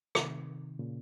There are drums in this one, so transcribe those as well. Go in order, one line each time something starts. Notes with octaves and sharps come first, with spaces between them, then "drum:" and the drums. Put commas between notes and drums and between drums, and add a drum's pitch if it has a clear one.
C3 D#3, drum: rim click
A#2 C#3